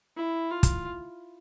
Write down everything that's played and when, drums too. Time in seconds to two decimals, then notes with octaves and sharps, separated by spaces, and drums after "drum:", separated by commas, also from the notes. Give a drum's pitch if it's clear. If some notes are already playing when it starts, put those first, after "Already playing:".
0.17 E4
0.51 F4
0.63 drum: kick, hi-hat